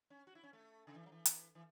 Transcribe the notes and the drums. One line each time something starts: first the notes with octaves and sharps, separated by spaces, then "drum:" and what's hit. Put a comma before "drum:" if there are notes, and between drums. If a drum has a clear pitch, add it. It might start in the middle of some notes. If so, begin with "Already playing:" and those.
C#4
F#4
E4
C#4
A3
C#3
E3
F#3
E3
drum: hi-hat
E3